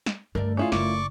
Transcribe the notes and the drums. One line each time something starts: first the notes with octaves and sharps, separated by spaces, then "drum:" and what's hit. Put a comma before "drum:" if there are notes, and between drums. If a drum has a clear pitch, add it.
drum: snare
D2 G2 D3 A3 A#4 D5
C#4 E4 F4 G#4
F#1 A3 A#4 D5 C#6 D6, drum: snare